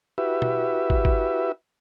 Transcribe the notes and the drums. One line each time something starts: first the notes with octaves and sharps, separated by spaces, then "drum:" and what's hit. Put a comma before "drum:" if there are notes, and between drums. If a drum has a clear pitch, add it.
E4 F#4 G4 B4 E5
drum: tom B2
drum: kick
drum: kick